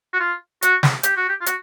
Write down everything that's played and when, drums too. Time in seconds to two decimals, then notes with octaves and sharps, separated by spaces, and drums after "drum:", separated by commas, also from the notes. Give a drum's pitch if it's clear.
0.13 F#4
0.20 F4
0.62 F#4, drum: hi-hat
0.83 drum: snare
1.03 G4, drum: hi-hat
1.17 F#4
1.28 G4
1.41 F4
1.46 F#4, drum: hi-hat